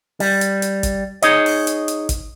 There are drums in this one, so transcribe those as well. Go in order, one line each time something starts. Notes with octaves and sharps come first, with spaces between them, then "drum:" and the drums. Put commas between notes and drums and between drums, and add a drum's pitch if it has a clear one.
G3, drum: open hi-hat
drum: hi-hat
drum: hi-hat
drum: kick, hi-hat
D#4 G#4 C#5 D#5, drum: hi-hat
drum: open hi-hat
drum: hi-hat
drum: hi-hat
drum: kick, hi-hat